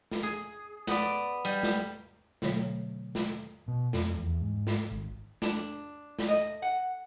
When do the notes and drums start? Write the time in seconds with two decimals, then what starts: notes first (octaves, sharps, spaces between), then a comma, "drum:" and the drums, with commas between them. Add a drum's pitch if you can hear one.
0.11 drum: snare
0.23 G#4
0.87 B3 D5, drum: snare
1.45 G3
1.63 drum: snare
2.42 B2 D3 F#3 A3 C#5, drum: snare
3.15 drum: snare
3.68 B2
3.93 F2, drum: snare
4.18 E2
4.40 G#2
4.67 drum: snare
4.91 G#1
5.42 D4, drum: snare
6.19 drum: snare
6.29 D#5
6.62 F#5